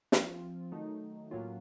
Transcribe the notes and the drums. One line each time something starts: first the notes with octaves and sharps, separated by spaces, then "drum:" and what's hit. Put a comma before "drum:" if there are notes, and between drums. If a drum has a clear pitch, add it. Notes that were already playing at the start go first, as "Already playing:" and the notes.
F3 C4 F4, drum: snare
D#3 F#3 A3 D#4
A2 F#3 A#3 C#4 F4